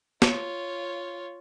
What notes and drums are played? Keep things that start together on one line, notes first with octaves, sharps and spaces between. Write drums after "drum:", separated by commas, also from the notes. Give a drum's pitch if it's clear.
F4 C#5, drum: snare